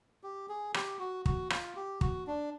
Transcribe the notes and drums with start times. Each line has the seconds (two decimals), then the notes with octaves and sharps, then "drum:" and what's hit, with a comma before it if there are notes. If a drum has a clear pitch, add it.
0.23 G4
0.49 G#4
0.74 G4, drum: rim click
0.99 F#4
1.26 F#4, drum: kick
1.50 F4, drum: rim click
1.76 G4
2.01 F#4, drum: kick
2.27 D4